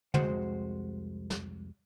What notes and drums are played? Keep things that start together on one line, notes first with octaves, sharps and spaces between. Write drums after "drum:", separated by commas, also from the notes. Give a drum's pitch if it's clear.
C2 F2 G#3 F#4 C5 F#5, drum: tom
drum: snare